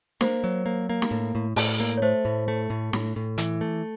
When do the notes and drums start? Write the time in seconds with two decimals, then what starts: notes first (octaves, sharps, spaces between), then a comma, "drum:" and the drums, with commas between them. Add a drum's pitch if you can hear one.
0.21 A#3 C5, drum: snare
0.44 F#3
0.66 A#3
0.89 A#3
1.02 drum: snare
1.11 A2
1.35 A2
1.56 A2, drum: open hi-hat
1.80 A#3
1.97 C#5
2.02 A3 C5
2.25 A2
2.48 A3
2.70 A2
2.93 A2, drum: snare
3.16 A2
3.38 E3, drum: hi-hat
3.61 A3